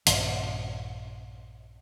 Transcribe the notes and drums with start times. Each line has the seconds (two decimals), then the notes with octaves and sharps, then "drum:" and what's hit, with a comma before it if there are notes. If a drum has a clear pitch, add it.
0.07 A#1 G2 D#3, drum: hi-hat